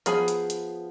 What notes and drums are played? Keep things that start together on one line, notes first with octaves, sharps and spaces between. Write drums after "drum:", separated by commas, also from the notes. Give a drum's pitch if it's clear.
F3 B3 G#4 G#5 B5, drum: hi-hat
drum: hi-hat
drum: hi-hat